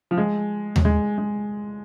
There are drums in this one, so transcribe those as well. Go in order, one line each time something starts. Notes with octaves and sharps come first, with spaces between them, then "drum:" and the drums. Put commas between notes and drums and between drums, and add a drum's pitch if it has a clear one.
F3
G#3
drum: tom D#2
G#3
G#3